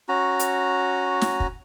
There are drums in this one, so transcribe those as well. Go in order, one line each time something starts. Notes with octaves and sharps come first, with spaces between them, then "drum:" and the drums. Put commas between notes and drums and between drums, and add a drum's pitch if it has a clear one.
C#4 F#4 A#5
drum: hi-hat
drum: snare
drum: kick